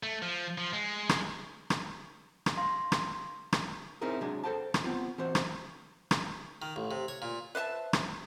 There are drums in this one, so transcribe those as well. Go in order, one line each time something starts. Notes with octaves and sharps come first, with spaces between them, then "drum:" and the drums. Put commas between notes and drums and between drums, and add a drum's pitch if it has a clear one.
A3
F3
F3
G#3
drum: rim click
drum: rim click
drum: rim click
F5 C6 A#6
drum: rim click
drum: rim click
C4 C#4 D#4 E4 G#4 A#4
C3 F#3 G#3 D4 G#4
A4 C5 G5 A5
drum: rim click
B3 C4 F4
E3 C4 F#4 C5
drum: rim click
drum: rim click
D#3
A1
C3
C#5
A#2
B4 C5 E5 A5
drum: rim click